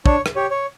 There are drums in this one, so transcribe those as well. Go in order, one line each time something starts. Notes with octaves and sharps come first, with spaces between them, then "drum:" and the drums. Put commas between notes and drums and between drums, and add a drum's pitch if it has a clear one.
D4 C#5, drum: kick
drum: rim click
G4 C#5
C#5